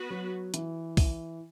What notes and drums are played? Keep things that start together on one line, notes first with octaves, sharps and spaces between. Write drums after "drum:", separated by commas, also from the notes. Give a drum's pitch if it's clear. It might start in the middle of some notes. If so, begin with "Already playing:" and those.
Already playing: B3 F#4 B4
F#3
E3, drum: hi-hat
E3, drum: kick, open hi-hat